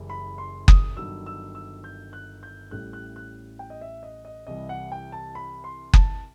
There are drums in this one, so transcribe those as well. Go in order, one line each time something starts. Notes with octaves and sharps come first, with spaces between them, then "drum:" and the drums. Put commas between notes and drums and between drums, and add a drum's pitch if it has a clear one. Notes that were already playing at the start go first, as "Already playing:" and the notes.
Already playing: F#1 F#2 E3 G3
B5
C6
D#6, drum: kick F#1
G1 G2 D#3 F#3 E6
E6
E6
G6
F#6
G6
A1 A2 G3 F#6
F#6
F#6
G5
D#5
E5
D#5
D#5
C2 C3 E3 G3 D#5
F#5
G5
A5
B5
C6
A5, drum: kick F#1